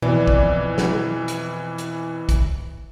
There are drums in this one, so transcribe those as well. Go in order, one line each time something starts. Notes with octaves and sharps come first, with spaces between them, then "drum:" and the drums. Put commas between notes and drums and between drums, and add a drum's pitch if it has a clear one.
F2 B2 E3 D5
drum: kick
drum: snare
drum: hi-hat
drum: hi-hat
drum: kick, hi-hat